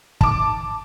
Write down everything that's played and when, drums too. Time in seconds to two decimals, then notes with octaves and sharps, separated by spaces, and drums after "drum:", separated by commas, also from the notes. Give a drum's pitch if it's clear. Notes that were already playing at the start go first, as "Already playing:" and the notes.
0.21 A5 D6, drum: kick